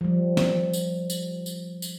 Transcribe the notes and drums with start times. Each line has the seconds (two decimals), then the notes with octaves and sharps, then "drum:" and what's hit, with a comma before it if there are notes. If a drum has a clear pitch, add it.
0.01 F3 G3
0.37 drum: snare
0.73 drum: tambourine
1.10 drum: tambourine
1.46 drum: tambourine
1.82 drum: tambourine